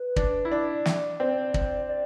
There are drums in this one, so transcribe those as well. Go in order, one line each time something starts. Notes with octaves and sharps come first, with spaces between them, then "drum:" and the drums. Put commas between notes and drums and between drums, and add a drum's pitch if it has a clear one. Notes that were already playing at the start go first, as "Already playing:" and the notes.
Already playing: B4
D4, drum: kick
E4
D4 D5
drum: snare
C4 D5
drum: kick
D5